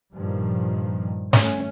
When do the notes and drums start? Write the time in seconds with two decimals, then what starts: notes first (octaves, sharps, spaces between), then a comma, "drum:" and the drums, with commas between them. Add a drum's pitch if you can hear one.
0.14 G2 A#2 D#3 F3
1.33 A3 C#4, drum: snare